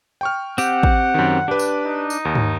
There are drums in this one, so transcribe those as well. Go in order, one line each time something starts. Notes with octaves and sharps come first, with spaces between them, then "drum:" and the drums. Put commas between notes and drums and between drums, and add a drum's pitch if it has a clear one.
G5 C#6 F6
C4 G4 F#5, drum: tambourine
drum: kick
F#2 D#3
D4 G4 B4
drum: tambourine
D#4
drum: tambourine
D#2
drum: tom